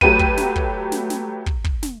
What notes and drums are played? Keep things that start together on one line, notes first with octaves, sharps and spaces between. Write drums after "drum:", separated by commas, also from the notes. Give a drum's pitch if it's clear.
F#3 A3 G4 B4 D#7, drum: kick
drum: kick
drum: snare
drum: kick
drum: snare
drum: snare
drum: kick
drum: kick
drum: snare